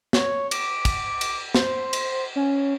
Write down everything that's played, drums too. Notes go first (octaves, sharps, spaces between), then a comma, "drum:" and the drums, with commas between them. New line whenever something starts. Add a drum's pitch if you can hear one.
C#5, drum: snare
D6, drum: cymbal
drum: kick, cymbal
drum: cymbal
C5, drum: snare
drum: cymbal
C#4